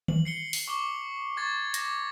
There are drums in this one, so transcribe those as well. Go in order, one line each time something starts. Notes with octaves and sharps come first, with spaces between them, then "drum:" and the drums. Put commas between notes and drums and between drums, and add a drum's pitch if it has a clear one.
F#7, drum: tom D#3
C7 C#7 G7
drum: open hi-hat
C#6 D6 G7
C#6 G#6 A6
D6 A#6, drum: hi-hat